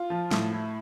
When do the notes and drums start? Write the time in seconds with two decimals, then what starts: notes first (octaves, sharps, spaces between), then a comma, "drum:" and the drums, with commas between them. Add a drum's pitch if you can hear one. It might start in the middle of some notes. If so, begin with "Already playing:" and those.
Already playing: F4
0.10 F3
0.31 A2, drum: snare
0.52 E4